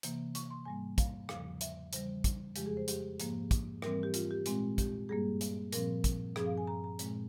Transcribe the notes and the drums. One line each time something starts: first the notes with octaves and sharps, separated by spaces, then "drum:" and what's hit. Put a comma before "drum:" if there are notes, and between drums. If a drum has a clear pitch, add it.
C3 E3 A#3, drum: hi-hat
C#6, drum: hi-hat
C6
G#2 G3 A#3 G#5
F5, drum: kick, hi-hat
E2 C#3 F3 F5, drum: rim click
E5, drum: hi-hat
E2 C#3 E3 G3 C5, drum: hi-hat
drum: kick, hi-hat
F2 C#3 F3 G#3 G4, drum: hi-hat
G#4
C5
G4, drum: hi-hat
G#2 F3 A#3, drum: hi-hat
drum: kick, hi-hat
G#2 E3 G3 C4 A#4, drum: rim click
A#4
G4
F4, drum: hi-hat
G4
A#2 G#3 C4, drum: hi-hat
G4, drum: kick, hi-hat
G2 G3 A#3 G#4
drum: hi-hat
A#2 F3 C4 A#4, drum: hi-hat
drum: kick, hi-hat
G2 F3 C4 G#4, drum: rim click
F5
G#5
A#5
A#5
A#2 G#3 C4, drum: hi-hat